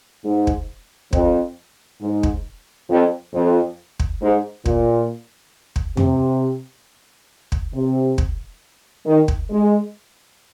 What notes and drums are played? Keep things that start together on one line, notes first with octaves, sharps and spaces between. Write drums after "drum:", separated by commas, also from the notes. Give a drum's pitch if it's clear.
G#2
drum: kick
F2, drum: kick
G#2
drum: kick
F2
F2
drum: kick
G#2
A#2, drum: kick
drum: kick
C3, drum: tom F2
drum: kick
C3
drum: kick
D#3
drum: kick
G#3